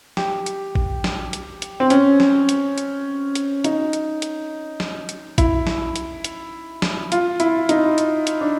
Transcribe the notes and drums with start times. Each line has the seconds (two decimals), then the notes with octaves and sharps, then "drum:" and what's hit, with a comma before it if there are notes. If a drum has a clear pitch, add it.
0.17 G4, drum: snare
0.46 drum: hi-hat
0.75 drum: kick A1
1.04 drum: snare
1.33 drum: hi-hat
1.62 drum: hi-hat
1.80 C4
1.90 C#4, drum: hi-hat
2.20 drum: snare
2.49 drum: hi-hat
2.78 drum: hi-hat
3.35 drum: hi-hat
3.64 D#4, drum: hi-hat
3.93 drum: hi-hat
4.22 drum: hi-hat
4.80 drum: snare
5.09 drum: hi-hat
5.38 E4, drum: kick A1, hi-hat
5.67 drum: snare
5.96 drum: hi-hat
6.24 drum: hi-hat
6.82 drum: snare
7.12 F4, drum: hi-hat
7.40 E4, drum: hi-hat
7.69 D#4, drum: hi-hat
7.98 drum: hi-hat
8.27 drum: hi-hat
8.41 D4